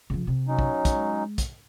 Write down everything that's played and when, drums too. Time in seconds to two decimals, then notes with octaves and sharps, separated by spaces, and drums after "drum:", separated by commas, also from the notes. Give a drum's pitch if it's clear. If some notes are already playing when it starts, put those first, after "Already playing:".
0.10 C#3 F3
0.27 C3
0.48 F#3 C#4 D#4
0.59 drum: kick
0.85 G#3, drum: kick, hi-hat
1.38 drum: kick, hi-hat